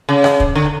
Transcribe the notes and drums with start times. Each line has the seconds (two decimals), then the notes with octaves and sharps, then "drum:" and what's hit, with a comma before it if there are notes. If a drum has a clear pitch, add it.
0.09 C#3
0.24 drum: rim click
0.40 drum: kick
0.55 D3